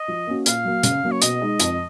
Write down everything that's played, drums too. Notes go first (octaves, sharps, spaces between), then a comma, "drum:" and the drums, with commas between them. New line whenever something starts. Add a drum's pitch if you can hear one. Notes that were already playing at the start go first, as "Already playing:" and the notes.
Already playing: D#5
F3
A#3 C#4 F#4
A#2 F5, drum: hi-hat
F#3 A#3
C#3, drum: hi-hat
F#3 A#3 C#4
C#5
B2 D#5, drum: hi-hat
G#3 D#4
F2, drum: hi-hat